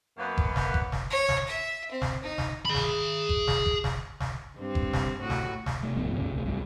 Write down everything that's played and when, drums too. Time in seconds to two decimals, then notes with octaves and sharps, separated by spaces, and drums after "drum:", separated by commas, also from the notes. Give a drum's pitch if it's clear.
0.18 F#2 A#3 B3
0.38 drum: kick F#1
0.56 drum: snare
0.74 drum: kick F#1
0.92 drum: snare
1.10 C#5
1.29 drum: snare
1.47 E5
1.91 C4
2.02 drum: snare
2.23 D#4
2.38 drum: snare
2.65 G#4 B5
2.75 drum: snare
3.29 drum: kick F#1
3.47 drum: snare
3.66 drum: kick F#1
3.84 drum: snare
4.20 drum: snare
4.57 G2 C4
4.75 drum: kick F#1
4.93 drum: snare
5.20 A2 F#4
5.30 drum: snare
5.66 drum: snare
5.83 C3 A3
5.95 D1 A#1 G#2 B3
6.16 E2 A2 C#3 A3
6.33 C2 A3
6.45 C2 G2 A3